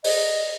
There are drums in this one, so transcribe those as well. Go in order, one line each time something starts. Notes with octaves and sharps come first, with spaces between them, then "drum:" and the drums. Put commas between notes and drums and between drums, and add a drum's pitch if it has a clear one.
D#5, drum: open hi-hat